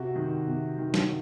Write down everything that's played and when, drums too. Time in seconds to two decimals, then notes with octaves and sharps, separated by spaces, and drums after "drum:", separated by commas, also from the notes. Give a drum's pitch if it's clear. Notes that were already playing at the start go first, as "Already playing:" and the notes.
Already playing: C3 F#4
0.15 D#3
0.46 C3
0.78 D#3
0.94 drum: snare